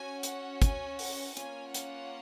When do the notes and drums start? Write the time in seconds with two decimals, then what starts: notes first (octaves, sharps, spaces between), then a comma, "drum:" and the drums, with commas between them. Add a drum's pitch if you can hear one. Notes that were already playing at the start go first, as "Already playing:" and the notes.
Already playing: C#4 F#4 G#5
0.23 F#5, drum: hi-hat
0.62 G#5, drum: kick, hi-hat
0.99 F#5, drum: open hi-hat
1.37 A#3 C#4 F4 G#5, drum: hi-hat
1.74 F#5, drum: hi-hat